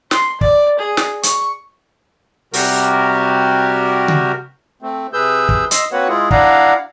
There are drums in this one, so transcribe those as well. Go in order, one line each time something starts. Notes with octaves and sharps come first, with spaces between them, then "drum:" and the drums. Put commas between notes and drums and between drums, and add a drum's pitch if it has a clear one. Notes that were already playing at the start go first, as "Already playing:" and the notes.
C6, drum: snare
D5, drum: kick
G#4
drum: snare
C#6, drum: hi-hat
C3 G3 F#4 G4 A#4, drum: open hi-hat
drum: tom C#3
A3 C4
C3 G#4 B4 E6 G6
drum: kick
D#5 C6 E6, drum: hi-hat
A#3 C4 F#4 B4 C#5 F#5
G#3 E4 F4 G#4
D4 E4 D5 F5 F#5 A#5, drum: kick